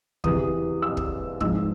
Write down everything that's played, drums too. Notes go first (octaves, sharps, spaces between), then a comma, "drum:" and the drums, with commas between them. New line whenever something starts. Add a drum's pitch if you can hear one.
E2 C3 E3 D#6, drum: kick
E6
drum: kick
G#2 F3 E6, drum: kick